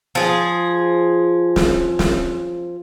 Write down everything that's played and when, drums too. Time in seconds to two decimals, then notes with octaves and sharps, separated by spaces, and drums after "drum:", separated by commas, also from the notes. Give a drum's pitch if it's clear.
0.15 F3 G#4
1.56 drum: snare
1.99 drum: snare